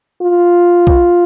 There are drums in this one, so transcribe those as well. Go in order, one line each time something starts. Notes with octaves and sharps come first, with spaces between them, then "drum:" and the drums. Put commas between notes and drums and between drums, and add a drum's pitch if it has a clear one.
F4
drum: kick